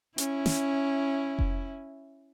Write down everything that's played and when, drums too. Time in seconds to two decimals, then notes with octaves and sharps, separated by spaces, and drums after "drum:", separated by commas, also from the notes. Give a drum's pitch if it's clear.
0.18 C#4 E4, drum: hi-hat
0.46 drum: snare
1.39 drum: kick F1